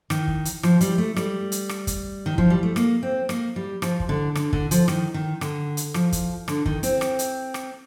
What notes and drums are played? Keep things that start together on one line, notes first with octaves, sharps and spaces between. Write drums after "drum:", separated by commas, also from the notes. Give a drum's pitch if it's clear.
D#3, drum: rim click
drum: kick
drum: hi-hat
F3, drum: rim click
G3, drum: hi-hat
A3
G3, drum: rim click
drum: hi-hat
drum: rim click
drum: kick, hi-hat
D#3
F3, drum: kick
G3
A3
A#3, drum: rim click
C4
A#3, drum: rim click
G3
F3, drum: rim click
drum: kick
D3
D3, drum: rim click
D3, drum: kick
F3, drum: hi-hat
D#3, drum: rim click
D#3
D3, drum: rim click
drum: hi-hat
F3, drum: rim click
drum: kick, hi-hat
D3, drum: rim click
D#3, drum: kick
C4, drum: hi-hat
drum: rim click
drum: hi-hat
drum: rim click